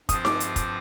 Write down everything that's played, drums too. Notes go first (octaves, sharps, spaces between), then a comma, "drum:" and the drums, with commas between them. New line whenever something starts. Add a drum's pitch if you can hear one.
G2 F3 C4 F4 C5 D#6, drum: kick, hi-hat
D6, drum: snare D#4
drum: hi-hat
drum: kick, hi-hat